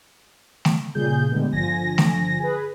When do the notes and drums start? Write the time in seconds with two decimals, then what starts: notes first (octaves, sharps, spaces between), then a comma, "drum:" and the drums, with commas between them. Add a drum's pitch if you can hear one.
0.65 drum: snare A3
0.95 A#2 C#3 G3 G#4 G6
1.31 A2 D3 G3 G#3 B3
1.53 G1 D3 F3 G#5 A#6
1.98 drum: snare A3
2.40 G#4 B4